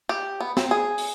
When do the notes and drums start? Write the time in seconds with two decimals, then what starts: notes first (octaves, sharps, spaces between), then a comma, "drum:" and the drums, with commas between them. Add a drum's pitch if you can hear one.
0.09 G4
0.40 B3
0.57 C4, drum: snare
0.71 G#4
0.98 drum: open hi-hat